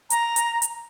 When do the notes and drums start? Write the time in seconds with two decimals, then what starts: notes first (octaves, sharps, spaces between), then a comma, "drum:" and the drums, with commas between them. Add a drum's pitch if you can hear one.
0.10 A#5, drum: hi-hat
0.36 drum: hi-hat
0.62 drum: hi-hat